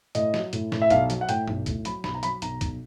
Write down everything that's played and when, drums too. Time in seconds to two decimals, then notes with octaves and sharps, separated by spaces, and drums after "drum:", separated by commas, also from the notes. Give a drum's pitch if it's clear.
0.15 A2 D#5, drum: hi-hat
0.34 F#3, drum: snare
0.53 A2, drum: hi-hat
0.72 A2, drum: snare
0.82 E5
0.90 B1 F5, drum: hi-hat
1.10 F#3, drum: hi-hat
1.21 F#5
1.29 A2 G5, drum: hi-hat
1.48 B1, drum: tom G2
1.66 A2, drum: kick C2, hi-hat
1.85 F#3 B5, drum: hi-hat
2.04 B1 B5, drum: snare
2.15 A#5
2.23 F#3 B5, drum: hi-hat
2.42 B1 A#5, drum: hi-hat
2.61 B1, drum: kick C2, hi-hat